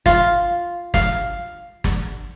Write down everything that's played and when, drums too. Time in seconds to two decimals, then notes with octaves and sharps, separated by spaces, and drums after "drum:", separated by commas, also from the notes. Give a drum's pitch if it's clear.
0.06 F4, drum: snare
0.94 F5, drum: snare
1.84 drum: snare